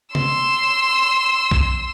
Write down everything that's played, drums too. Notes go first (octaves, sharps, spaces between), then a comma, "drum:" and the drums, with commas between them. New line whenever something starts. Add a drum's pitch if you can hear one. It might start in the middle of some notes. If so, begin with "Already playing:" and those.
C6 E6, drum: tom C3
drum: kick A#1